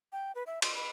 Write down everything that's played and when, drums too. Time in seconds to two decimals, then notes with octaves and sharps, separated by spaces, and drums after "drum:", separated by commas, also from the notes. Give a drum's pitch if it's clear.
0.12 G5
0.35 B4
0.47 E5
0.62 C6, drum: cymbal
0.75 B5